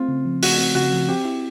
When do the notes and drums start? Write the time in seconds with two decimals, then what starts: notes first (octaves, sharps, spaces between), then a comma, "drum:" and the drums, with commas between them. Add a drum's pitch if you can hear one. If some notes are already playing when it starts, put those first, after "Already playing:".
Already playing: A3 C4 F4
0.08 C#3
0.25 F3
0.43 A3 F#4, drum: open hi-hat
0.58 C4
0.75 C#3 F#4
0.92 F3
1.08 C4 G4
1.25 E4